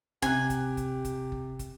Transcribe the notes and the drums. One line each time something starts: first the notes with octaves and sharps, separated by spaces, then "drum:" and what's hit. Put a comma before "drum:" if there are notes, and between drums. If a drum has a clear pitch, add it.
C3 G4 G#5 F#6, drum: kick, hi-hat
drum: kick, hi-hat
drum: kick, hi-hat
drum: kick, hi-hat
drum: kick
drum: kick, hi-hat